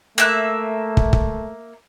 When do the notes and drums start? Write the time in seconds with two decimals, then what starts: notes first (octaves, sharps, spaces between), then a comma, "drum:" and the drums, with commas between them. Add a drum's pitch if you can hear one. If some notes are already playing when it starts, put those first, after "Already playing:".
0.18 A3 A#3 E5 F#6
0.97 drum: kick
1.13 drum: kick